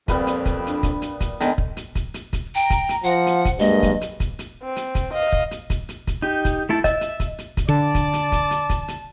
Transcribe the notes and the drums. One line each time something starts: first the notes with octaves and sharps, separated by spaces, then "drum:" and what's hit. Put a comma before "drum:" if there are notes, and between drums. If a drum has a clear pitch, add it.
F2 A#2 G3 B3 C4, drum: kick, hi-hat
drum: hi-hat
drum: kick, hi-hat
D4, drum: hi-hat
drum: kick, hi-hat
drum: hi-hat
drum: kick, hi-hat
D3 D#3 G#3 B3, drum: hi-hat
drum: kick
drum: hi-hat
drum: kick, hi-hat
drum: hi-hat
drum: kick, hi-hat
G5 A#5
drum: kick, hi-hat
drum: hi-hat
F3 F#5
drum: hi-hat
drum: kick, hi-hat
G2 F#3 G#3 A#3 D#5
drum: kick, hi-hat
drum: hi-hat
drum: kick, hi-hat
drum: hi-hat
C4
drum: hi-hat
drum: kick, hi-hat
D#5 F5
drum: kick
drum: hi-hat
drum: kick, hi-hat
drum: hi-hat
drum: kick, hi-hat
D#4 G4
drum: kick, hi-hat
A3 E4 A5
D#5 E5, drum: kick, hi-hat
drum: hi-hat
drum: kick, hi-hat
drum: hi-hat
drum: kick, hi-hat
D3 D5 A5
drum: kick, hi-hat
drum: hi-hat
drum: kick, hi-hat
drum: hi-hat
drum: kick, hi-hat
drum: hi-hat